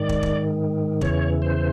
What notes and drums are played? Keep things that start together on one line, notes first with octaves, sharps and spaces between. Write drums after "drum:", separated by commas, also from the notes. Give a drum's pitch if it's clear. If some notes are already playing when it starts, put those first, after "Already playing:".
Already playing: G#2 D#3 D5
drum: kick
drum: kick
E2 C#3 E3 C#5, drum: kick
C5